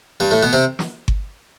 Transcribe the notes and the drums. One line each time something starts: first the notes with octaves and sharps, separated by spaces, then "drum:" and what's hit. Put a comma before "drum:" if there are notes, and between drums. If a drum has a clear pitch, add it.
G2 G3
A2 A3
B2 B3
C3 C4
drum: snare
drum: kick G1